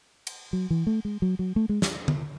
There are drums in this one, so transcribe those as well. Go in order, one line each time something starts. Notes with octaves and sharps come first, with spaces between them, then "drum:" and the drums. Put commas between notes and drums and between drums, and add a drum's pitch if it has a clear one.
drum: cymbal
F#3
E3
A3
G#3
F#3
F#3
A3
G#3
drum: snare
drum: tom D3